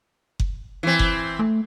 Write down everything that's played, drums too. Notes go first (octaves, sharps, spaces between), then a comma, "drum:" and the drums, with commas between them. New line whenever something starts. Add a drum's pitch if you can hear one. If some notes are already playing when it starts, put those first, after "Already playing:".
drum: kick F#1
E3 C4
drum: kick F#1
A3